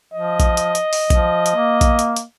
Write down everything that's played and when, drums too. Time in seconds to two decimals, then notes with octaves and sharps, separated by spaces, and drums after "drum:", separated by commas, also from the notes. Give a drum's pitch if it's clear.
0.13 F3 D#5
0.40 drum: kick A#1, hi-hat
0.57 drum: hi-hat
0.75 drum: hi-hat
0.93 drum: open hi-hat
1.10 F3, drum: kick A#1, hi-hat
1.46 drum: hi-hat
1.55 A#3
1.81 drum: kick A#1, hi-hat
1.99 drum: hi-hat
2.16 drum: hi-hat